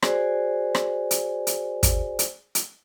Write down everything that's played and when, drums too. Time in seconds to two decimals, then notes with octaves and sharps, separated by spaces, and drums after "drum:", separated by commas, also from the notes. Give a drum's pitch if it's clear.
0.02 F#4 G#4 C5 D5 G#5, drum: rim click
0.75 drum: rim click
1.11 drum: hi-hat
1.47 drum: hi-hat
1.83 drum: kick, hi-hat
2.19 drum: hi-hat
2.55 drum: hi-hat